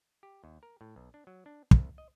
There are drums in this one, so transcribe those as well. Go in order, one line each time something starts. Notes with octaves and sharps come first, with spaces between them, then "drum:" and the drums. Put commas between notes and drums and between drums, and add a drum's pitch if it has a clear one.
G4
D#2
A#4
A2
B1
D4
F#3
D4
C2, drum: kick
D#5